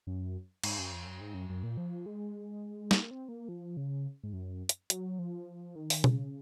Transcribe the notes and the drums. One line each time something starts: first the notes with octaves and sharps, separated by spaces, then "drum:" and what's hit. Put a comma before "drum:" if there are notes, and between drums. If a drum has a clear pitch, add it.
F#2
G#2, drum: cymbal
F#2
F2
F#2
G#2
F#2
F#2
A#2
F3
G#3
A#3, drum: snare
C4
A#3
F3
C#3
G#2
F#2
drum: hi-hat
F#3, drum: hi-hat
F3
D#3
drum: open hi-hat
C#3, drum: tom B2